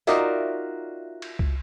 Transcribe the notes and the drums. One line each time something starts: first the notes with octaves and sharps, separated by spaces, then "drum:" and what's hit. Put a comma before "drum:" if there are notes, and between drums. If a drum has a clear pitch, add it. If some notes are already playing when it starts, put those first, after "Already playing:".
D#4 F4 F#4 A#4 D5 E5, drum: tambourine
drum: cymbal
drum: kick